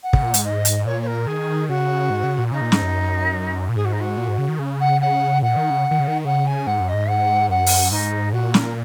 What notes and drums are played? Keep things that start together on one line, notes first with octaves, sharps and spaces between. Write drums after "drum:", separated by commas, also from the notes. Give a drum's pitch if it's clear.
F#5
C#3, drum: kick
A#2
G#2, drum: hi-hat
D#5
drum: hi-hat
A#2 C#5
C#5
A#4
D#3 G#4
C#3 F#4
G#2
C#3
A#2
C#3 D#4
A#2
G#2, drum: snare
F#2
A#2
G#2 G#4
F#4
D#4
F#4
A#2
G#2
C#3
D#3
C#3
F#5
F#5
A#2 F#5
D#3
C#3
D#3
C#3
D#3
C#3 F#5
G#5
G#2 F#5
F#2
D#5
G#2
F#5
F#2 F#5
drum: open hi-hat
G#2 D#4
A#2 F#4
A#4, drum: snare